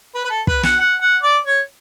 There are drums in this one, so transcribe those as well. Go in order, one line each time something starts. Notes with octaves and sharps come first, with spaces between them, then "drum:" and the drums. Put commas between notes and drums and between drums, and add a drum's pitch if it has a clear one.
B4
B4
A4
B4, drum: kick
F#5, drum: snare
F#5
F#5
D5
C#5